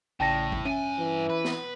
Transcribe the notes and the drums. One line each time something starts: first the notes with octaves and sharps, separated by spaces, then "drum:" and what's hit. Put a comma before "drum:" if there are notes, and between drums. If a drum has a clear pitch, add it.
A1 A2 C#3 D5 G5 A5 A#6
drum: kick G#1
G2 C#4 E5 G#5 D#7
E3
B4
drum: snare